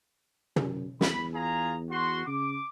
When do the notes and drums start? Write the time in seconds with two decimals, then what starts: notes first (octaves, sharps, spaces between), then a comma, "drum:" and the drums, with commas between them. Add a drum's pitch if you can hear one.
0.56 F#2, drum: tom
1.01 E2 B5, drum: snare
1.34 F4 G#4 A#5
1.91 F#4 C6
2.27 C#3 D6